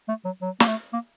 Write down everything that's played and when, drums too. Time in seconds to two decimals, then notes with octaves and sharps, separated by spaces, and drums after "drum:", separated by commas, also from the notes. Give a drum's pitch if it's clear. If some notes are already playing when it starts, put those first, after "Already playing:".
0.08 A3
0.25 F#3
0.42 F#3
0.60 A#3, drum: snare
0.67 A3
0.93 A#3